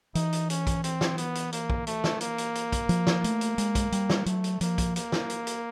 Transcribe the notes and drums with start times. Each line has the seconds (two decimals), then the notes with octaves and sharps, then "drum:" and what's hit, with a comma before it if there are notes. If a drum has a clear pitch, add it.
0.15 E3 D#4, drum: hi-hat
0.32 drum: hi-hat
0.50 C#4, drum: hi-hat
0.67 drum: kick, hi-hat
0.84 C4, drum: hi-hat
1.01 drum: snare
1.18 B3, drum: hi-hat
1.35 drum: hi-hat
1.52 A#3, drum: hi-hat
1.70 drum: kick
1.87 A3, drum: hi-hat
2.04 drum: snare
2.21 A#3, drum: hi-hat
2.38 drum: hi-hat
2.55 drum: hi-hat
2.72 drum: kick, hi-hat
2.89 F3, drum: hi-hat
3.07 drum: snare
3.24 A3, drum: hi-hat
3.41 drum: hi-hat
3.58 G#3, drum: hi-hat
3.75 drum: kick, hi-hat
3.92 G3, drum: hi-hat
4.10 drum: snare
4.26 F#3 A3, drum: hi-hat
4.44 drum: hi-hat
4.61 F3 A#3, drum: hi-hat
4.78 drum: kick, hi-hat
4.96 A#3, drum: hi-hat
5.12 drum: snare
5.30 drum: hi-hat
5.47 drum: hi-hat